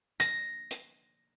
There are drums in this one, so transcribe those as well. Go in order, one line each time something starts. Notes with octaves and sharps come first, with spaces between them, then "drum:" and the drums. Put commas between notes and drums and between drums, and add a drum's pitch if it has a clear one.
A#6, drum: hi-hat
drum: hi-hat